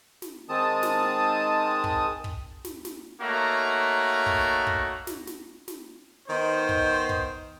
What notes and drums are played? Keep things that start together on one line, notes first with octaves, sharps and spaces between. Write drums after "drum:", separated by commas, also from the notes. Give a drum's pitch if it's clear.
drum: snare
D#3 G#3 C4 A5 D#6
drum: snare
drum: kick
drum: kick
drum: snare
drum: snare
A3 A#3 D#4 F#4 C#5 A#5
drum: kick
drum: kick
drum: snare
drum: snare
drum: snare
D#3 B3 D#4 C5
drum: kick
drum: kick